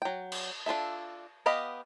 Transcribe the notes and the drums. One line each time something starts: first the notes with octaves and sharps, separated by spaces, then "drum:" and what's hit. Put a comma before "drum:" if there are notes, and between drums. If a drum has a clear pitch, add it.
F#3 G5
drum: cymbal
D4 F4 A4 E5
B3 G4 D#5 F5 B5